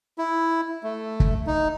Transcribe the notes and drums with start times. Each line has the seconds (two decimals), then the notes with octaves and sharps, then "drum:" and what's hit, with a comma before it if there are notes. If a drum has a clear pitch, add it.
0.18 E4
0.83 A3
1.20 drum: kick
1.47 D#4